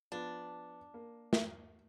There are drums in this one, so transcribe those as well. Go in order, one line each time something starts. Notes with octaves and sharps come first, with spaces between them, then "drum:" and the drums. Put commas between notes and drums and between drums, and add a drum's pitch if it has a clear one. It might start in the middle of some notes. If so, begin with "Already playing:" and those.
F3 B3 D4
A#3
drum: snare